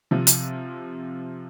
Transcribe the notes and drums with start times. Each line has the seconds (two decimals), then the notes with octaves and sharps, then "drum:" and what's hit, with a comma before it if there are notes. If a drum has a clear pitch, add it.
0.11 C3 F3
0.27 drum: hi-hat